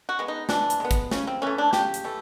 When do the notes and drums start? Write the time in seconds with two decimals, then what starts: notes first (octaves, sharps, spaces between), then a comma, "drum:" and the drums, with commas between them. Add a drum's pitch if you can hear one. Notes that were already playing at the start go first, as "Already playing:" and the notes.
0.09 F#4
0.19 G#3 B3
0.28 D#4
0.49 E3 D4, drum: snare
0.70 drum: hi-hat
0.80 G#3 B3
0.91 drum: kick, hi-hat
1.11 C#3 C#4, drum: snare
1.27 C4
1.42 E3 A3 C#4
1.58 D4
1.73 C#3 G4, drum: snare
1.94 drum: hi-hat
2.04 E3 A3